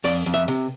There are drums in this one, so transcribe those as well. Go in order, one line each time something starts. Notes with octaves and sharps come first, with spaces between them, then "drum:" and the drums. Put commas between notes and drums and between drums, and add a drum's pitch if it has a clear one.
F2 D5, drum: open hi-hat
F2, drum: hi-hat
E5
C3, drum: hi-hat